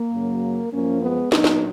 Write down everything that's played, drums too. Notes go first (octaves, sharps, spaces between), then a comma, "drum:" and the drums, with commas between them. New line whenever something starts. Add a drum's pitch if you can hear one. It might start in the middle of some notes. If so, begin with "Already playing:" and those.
Already playing: A#3
F#2 C#3 F#3
F#2 F3 A#3 C#4
G#3 B3
A#2 F#3 B3 D#4, drum: snare
drum: snare